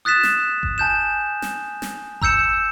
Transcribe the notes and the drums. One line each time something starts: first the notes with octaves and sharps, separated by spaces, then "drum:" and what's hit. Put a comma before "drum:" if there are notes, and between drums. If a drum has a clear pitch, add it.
D#6 F#6 A6 B6 E7
drum: snare
drum: kick G1
G#5 A5 G6 E7
drum: snare
drum: snare
A#5 E6 G6 C#7 E7, drum: kick G1